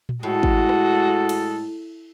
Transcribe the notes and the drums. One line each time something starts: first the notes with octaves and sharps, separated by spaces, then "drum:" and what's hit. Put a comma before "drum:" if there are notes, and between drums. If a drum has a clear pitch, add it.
drum: tom A#2
A2 G#3 F#4 A4
drum: kick
drum: rim click
drum: cymbal